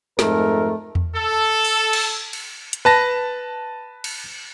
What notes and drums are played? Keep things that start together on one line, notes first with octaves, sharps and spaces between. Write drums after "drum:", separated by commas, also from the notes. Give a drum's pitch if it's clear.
F2 G#2 A3 A#4, drum: snare
drum: tom E2
A4
drum: open hi-hat
drum: cymbal
drum: cymbal
drum: hi-hat
B4 A5 A#6
drum: cymbal